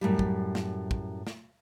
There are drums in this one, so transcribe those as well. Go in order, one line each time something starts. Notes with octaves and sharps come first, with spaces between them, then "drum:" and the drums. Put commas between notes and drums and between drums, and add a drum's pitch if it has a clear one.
F#2 A2 G3
drum: kick
drum: snare
drum: kick
drum: snare